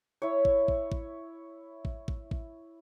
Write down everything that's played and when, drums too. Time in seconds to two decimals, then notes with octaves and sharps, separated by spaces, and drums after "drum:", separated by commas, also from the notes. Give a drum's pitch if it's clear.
0.22 E4 C#5
0.45 drum: kick A1
0.68 drum: kick A1
0.92 drum: kick A1
1.85 drum: kick A1
2.08 drum: kick A1
2.31 drum: kick A1